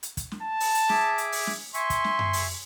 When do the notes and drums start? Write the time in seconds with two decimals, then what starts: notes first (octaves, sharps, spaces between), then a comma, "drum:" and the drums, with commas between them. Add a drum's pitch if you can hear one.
0.03 drum: hi-hat
0.17 drum: kick, hi-hat
0.32 drum: snare
0.43 A5
0.60 drum: open hi-hat
0.75 drum: hi-hat
0.89 G#4 E5 D6, drum: snare
1.18 drum: hi-hat
1.32 drum: open hi-hat
1.47 drum: snare
1.74 E5 G#5 C6 C#6, drum: hi-hat
1.90 drum: kick, hi-hat
2.04 drum: snare
2.19 drum: tom F#2
2.33 drum: open hi-hat